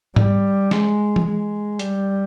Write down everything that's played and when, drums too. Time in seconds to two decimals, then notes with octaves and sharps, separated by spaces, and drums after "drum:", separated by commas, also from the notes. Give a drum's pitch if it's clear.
0.16 G3, drum: tom G#2
0.71 G#3, drum: snare
1.16 drum: tom E3
1.26 G#3
1.79 G3, drum: hi-hat